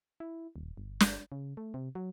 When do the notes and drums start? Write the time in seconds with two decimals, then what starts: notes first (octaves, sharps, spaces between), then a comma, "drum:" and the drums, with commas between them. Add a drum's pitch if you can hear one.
0.20 E4
0.56 D#1
0.77 G1
1.00 drum: snare
1.32 C#3
1.57 A3
1.74 C3
1.95 F#3